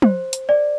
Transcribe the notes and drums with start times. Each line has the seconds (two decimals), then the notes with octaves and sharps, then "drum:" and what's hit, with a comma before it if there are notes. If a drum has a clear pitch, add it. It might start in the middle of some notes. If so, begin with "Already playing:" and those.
0.02 C5, drum: tom
0.33 drum: hi-hat
0.49 D5